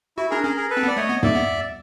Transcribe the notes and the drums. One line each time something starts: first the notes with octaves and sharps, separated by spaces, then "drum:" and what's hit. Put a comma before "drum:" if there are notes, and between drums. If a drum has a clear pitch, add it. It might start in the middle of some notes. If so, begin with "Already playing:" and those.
E4 F#4
D4 G#4 A#4
C#4 G#4 A#4
G#4 A#4
A4 B4
C4
B3 D5
A3 C#5 D#5
B3
A#3 D5 E5, drum: tom
B3